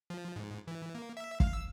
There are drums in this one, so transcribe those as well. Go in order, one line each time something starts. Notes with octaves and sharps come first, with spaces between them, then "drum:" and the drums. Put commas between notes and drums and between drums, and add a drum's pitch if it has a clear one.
F3
G#2
E3
A#3
E5
F5, drum: kick
E6